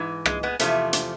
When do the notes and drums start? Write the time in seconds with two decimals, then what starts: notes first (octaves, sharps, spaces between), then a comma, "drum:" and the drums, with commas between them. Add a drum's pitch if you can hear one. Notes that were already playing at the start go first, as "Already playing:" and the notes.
Already playing: G#2 E3
0.26 G#3, drum: rim click
0.43 G#3 B3
0.59 E2 C3 F3 A3, drum: hi-hat
0.93 drum: hi-hat